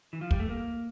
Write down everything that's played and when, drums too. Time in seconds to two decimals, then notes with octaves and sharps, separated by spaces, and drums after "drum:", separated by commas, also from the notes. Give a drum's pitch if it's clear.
0.13 E3
0.21 F3
0.31 G3, drum: kick
0.40 A3
0.49 A#3